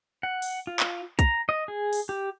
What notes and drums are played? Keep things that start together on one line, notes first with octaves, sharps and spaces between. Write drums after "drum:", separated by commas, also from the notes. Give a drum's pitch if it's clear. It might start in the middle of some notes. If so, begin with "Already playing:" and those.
F#5
drum: open hi-hat
F4
drum: clap
A#5, drum: kick, hi-hat
D#5
G#4
drum: open hi-hat
G4